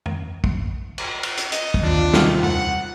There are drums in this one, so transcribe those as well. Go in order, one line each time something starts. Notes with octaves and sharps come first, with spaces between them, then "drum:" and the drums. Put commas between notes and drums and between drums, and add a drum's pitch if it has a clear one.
drum: tom
drum: kick
drum: cymbal
drum: cymbal
drum: hi-hat
D#5, drum: hi-hat
drum: kick
D#2 C4 D4 F4
C2 D#3 F6, drum: snare
F#5, drum: tom